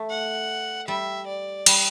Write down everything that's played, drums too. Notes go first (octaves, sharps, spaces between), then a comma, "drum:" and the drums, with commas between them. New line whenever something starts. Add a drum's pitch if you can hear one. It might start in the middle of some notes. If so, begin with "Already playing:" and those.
Already playing: A3
F#5
G3 E5
D5
G3, drum: cymbal